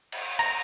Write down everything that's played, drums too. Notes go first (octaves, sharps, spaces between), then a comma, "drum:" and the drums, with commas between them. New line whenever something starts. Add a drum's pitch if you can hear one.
drum: cymbal
A#5, drum: cymbal